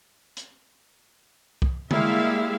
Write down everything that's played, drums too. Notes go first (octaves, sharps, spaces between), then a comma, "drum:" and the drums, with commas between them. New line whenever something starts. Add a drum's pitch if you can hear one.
drum: hi-hat
drum: kick C2
G3 G#3 A#3 E4 E5 F5, drum: tom D3